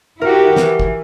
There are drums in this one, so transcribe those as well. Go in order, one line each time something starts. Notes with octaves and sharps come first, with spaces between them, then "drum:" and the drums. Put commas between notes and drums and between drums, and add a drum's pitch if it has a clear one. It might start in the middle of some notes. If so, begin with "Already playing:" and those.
E4 F#4 G4 A#4
E3, drum: snare
drum: kick